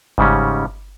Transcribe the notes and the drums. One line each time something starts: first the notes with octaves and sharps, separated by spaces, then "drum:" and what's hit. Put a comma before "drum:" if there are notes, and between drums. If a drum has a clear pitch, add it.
G#2 C#3 G3 C#4, drum: kick G1